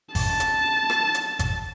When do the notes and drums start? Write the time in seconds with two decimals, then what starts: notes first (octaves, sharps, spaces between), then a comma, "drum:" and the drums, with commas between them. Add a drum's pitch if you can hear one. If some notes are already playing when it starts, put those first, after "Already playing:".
0.15 A5, drum: kick G#1, open hi-hat
0.40 drum: hi-hat
0.90 drum: rim click
1.14 drum: hi-hat
1.39 drum: kick G#1, hi-hat